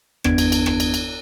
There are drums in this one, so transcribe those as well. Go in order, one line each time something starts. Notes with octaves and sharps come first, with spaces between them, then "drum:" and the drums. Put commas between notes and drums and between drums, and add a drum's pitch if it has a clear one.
G1 E2 B3 D4 G#6 D7, drum: rim click
drum: cymbal
drum: cymbal
drum: rim click
drum: cymbal
drum: cymbal